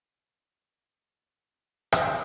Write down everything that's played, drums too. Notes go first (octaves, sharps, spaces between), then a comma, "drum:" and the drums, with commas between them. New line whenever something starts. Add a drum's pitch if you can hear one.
F#4 F#5
drum: rim click